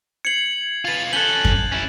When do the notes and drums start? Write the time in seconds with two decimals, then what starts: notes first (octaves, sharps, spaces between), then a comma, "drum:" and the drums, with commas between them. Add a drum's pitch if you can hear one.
0.25 G#6 C7 C#7 F#7
0.85 F4 B4 A6 F7
1.13 C#4 A4 F#6 G6 F#7 G7
1.45 drum: kick F2
1.72 C#4 E4